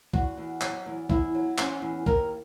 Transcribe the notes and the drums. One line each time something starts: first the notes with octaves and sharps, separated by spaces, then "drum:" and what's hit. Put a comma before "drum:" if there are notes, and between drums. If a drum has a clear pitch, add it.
E2 F#4, drum: kick B1
E2
F#3, drum: clap
E2
E2 E4, drum: kick B1
F#3
E2 C#4, drum: clap
E2
D#2 A#4, drum: kick B1